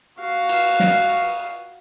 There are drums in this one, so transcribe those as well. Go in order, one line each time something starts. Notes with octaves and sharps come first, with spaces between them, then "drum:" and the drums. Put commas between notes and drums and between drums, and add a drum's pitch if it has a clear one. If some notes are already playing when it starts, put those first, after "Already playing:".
F#4 F5
drum: cymbal
drum: snare